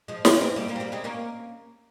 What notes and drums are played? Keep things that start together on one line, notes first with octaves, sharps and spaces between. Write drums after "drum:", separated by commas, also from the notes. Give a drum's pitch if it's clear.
F3 G#3
F3 G#3, drum: snare
C#4
G#3 C4
G3 A#3
G3 A#3
C4
G3 A#3
G#3 C4
A#3 C#4